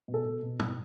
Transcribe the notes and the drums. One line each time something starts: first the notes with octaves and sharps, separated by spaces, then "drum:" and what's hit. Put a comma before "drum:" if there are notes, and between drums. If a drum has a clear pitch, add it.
B2
A4
B2
B2
B2, drum: tom